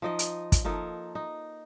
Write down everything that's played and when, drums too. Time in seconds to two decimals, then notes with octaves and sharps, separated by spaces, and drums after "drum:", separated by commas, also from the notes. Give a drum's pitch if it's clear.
0.02 F3 D#4 D#5
0.19 drum: hi-hat
0.52 drum: kick, hi-hat
0.64 F3 A#3 D#4 A4
1.15 D#4